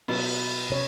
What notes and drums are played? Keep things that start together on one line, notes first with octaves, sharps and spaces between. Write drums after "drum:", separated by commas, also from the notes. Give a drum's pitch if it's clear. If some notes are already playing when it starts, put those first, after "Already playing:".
B2 F#3 B3, drum: cymbal
C3 C#5